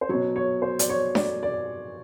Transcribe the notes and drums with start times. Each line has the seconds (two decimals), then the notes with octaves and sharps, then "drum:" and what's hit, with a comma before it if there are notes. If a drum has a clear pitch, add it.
0.01 C5
0.09 B2 F#3 C#5
0.36 C#5
0.62 C5
0.79 D5, drum: hi-hat
0.89 C#5
1.15 D5, drum: snare D4
1.43 D5